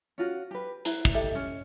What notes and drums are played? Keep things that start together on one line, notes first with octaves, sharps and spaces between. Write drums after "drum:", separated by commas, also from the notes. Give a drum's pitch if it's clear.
C#4 F4 F#4
G4 B4
E4 B4 A#5, drum: hi-hat
drum: kick
G4 A4 D#5 E5
C#4